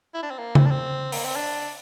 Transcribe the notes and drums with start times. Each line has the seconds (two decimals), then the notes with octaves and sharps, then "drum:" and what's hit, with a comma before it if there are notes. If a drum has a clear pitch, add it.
0.14 E4
0.23 D4
0.31 C4
0.38 A#3
0.55 C4, drum: tom C#3
0.66 D4
0.71 C4
1.12 A#3, drum: open hi-hat
1.25 C4
1.36 D4